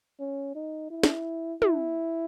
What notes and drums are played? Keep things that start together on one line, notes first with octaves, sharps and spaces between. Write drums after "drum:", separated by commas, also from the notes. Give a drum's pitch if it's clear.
C#4
D#4
E4
drum: snare
E4, drum: tom